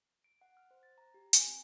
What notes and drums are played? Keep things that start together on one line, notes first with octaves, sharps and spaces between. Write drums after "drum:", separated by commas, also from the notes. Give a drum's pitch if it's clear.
D7
F#5
F6
C5
A6
A#5
G4
G#5, drum: hi-hat
C4